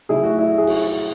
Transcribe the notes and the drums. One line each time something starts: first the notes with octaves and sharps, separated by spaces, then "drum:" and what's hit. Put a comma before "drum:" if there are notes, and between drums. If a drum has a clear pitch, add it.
C#3 F#3 A3 E4 G#4
F#4
E4
G#4
F#4, drum: cymbal